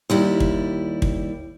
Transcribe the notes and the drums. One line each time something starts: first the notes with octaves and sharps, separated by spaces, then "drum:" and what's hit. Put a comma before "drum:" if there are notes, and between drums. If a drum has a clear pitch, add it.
D#2 G3 E4
drum: kick
drum: kick